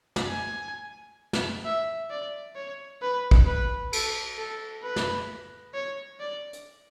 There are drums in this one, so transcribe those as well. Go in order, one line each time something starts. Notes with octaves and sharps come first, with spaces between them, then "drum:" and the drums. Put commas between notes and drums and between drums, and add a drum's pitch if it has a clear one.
drum: snare
G#5
drum: snare
E5
D5
C#5
B4
drum: kick
B4
A4, drum: cymbal
A4
B4
drum: snare
C#5
D5
drum: hi-hat